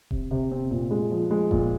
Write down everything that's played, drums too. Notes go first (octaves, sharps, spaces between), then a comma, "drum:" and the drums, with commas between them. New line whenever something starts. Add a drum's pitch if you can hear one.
C3, drum: kick D#1
C3
C4
A#2
G#3
F3
G#3
A#2, drum: kick D#1